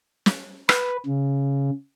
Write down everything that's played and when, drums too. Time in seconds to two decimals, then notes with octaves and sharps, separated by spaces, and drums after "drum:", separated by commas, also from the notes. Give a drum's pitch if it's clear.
0.26 drum: snare
0.69 B4, drum: rim click
1.06 C#3